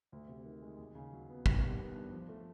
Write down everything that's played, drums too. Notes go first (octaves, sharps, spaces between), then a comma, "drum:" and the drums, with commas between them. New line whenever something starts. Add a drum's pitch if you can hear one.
D2
C3
D#3
G#3
D#2
C#3
F#3
B3
D#3, drum: kick
G3
B3
D4
F3
A3